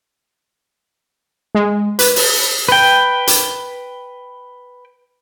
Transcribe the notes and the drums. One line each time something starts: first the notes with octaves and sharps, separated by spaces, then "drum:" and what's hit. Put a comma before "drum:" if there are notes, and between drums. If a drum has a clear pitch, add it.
G#3
B4, drum: hi-hat
drum: open hi-hat
B4 G5
drum: hi-hat